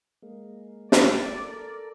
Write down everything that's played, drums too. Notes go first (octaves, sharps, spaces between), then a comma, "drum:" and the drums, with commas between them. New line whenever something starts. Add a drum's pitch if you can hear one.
G#3 A#3
D5, drum: snare
A4 A#4